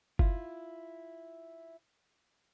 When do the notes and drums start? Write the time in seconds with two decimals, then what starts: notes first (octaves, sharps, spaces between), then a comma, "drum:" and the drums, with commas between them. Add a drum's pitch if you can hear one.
0.19 E4 F4, drum: kick F#1